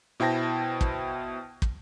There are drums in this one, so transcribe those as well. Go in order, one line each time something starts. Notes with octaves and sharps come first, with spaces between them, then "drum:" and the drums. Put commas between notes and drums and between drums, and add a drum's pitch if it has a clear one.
B2 E4 C5 G5 A5 A#6
drum: kick
drum: kick